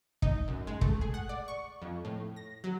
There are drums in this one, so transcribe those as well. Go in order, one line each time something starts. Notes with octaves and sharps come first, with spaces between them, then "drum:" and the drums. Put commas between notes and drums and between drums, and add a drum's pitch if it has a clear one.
D#4, drum: kick
F#2
G#3
A3, drum: kick
G#4
F#5
D5
C#6
F2
A2
A#6
F#3